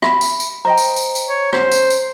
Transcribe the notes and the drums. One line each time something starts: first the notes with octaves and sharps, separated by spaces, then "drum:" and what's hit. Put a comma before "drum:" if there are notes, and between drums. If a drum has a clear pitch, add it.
E5 B5, drum: rim click
drum: tambourine
drum: tambourine
C5 D#5 G5 A#5
drum: tambourine
drum: tambourine
drum: tambourine
C#5
C#4 C5, drum: rim click
drum: tambourine
drum: tambourine